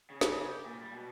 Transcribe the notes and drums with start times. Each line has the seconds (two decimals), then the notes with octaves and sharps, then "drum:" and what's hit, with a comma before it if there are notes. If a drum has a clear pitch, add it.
0.10 C#3
0.21 C#3, drum: snare
0.47 G4
0.66 A#2
0.82 G3
0.93 B2